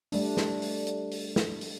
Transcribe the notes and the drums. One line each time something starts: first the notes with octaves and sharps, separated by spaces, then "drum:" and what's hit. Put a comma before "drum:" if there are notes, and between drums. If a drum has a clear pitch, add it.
G3 A3 D4, drum: open hi-hat
drum: snare
drum: open hi-hat
drum: hi-hat
drum: open hi-hat
drum: snare
drum: open hi-hat